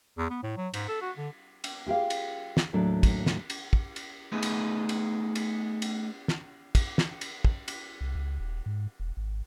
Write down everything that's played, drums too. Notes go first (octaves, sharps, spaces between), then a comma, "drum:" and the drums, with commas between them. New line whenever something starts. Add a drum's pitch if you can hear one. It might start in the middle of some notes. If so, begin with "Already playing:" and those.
E2
B3
A2
F#3
G#2, drum: cymbal
A4
F#4
D3
drum: cymbal
F4 G4 G#4 F5
drum: cymbal
drum: snare
D#2 A2 F#3 D4 A4
drum: kick, cymbal
drum: snare
drum: cymbal
drum: kick
drum: cymbal
A3 B3 D#4 G#4 B4
drum: cymbal
drum: cymbal
drum: cymbal
drum: cymbal
drum: snare
drum: kick, cymbal
drum: snare
drum: cymbal
drum: kick
drum: cymbal
C2
C#2
D#1
G#2
E1
G#1